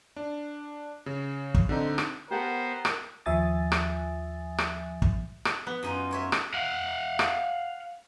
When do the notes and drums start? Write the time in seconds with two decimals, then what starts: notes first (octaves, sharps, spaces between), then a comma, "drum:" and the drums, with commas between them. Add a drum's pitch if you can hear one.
0.16 D4
1.06 C#3
1.54 drum: kick
1.69 D3 C4 D#4
1.98 drum: rim click
2.31 B3 G4 A#4 C5 F#5 A5
2.85 drum: rim click
3.26 D#2 F3 E5 G#5 D#6 A6
3.72 drum: rim click
4.58 drum: rim click
5.02 drum: kick
5.45 drum: rim click
5.67 B3
5.83 F#2 D#4 F4
6.11 A#4 C#5 E5
6.32 drum: rim click
6.54 F5 F#5
7.19 drum: rim click